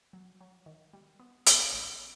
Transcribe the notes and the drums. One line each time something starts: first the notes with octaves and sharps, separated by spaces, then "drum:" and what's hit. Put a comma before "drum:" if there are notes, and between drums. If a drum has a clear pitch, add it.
F#3
F#3
D#3
G3
B3
B3, drum: hi-hat
A1